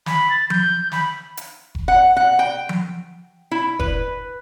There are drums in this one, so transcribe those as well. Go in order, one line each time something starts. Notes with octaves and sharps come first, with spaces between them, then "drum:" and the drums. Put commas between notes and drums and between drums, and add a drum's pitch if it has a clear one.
B5, drum: snare
A6
G6, drum: tom F3
B5, drum: snare
drum: hi-hat
drum: kick F1
F#5
F#5
G5
drum: tom F3
E4
B4, drum: kick F1